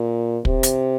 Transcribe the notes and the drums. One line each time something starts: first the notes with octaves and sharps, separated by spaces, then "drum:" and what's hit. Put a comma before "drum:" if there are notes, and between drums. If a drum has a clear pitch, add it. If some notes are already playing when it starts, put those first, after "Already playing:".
Already playing: A#2
C3, drum: kick
drum: hi-hat